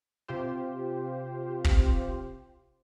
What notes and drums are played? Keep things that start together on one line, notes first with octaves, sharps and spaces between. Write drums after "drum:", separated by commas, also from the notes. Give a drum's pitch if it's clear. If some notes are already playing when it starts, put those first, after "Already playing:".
C3 F4 G4 C5
drum: kick